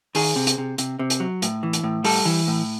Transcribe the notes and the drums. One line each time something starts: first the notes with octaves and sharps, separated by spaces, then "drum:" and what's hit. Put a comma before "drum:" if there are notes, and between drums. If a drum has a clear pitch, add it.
D#3 G#4, drum: open hi-hat
C3
drum: hi-hat
C3
C3, drum: hi-hat
C3
drum: hi-hat
F#3
A2, drum: hi-hat
E3
drum: hi-hat
A2
G3 A4, drum: open hi-hat
E3
A2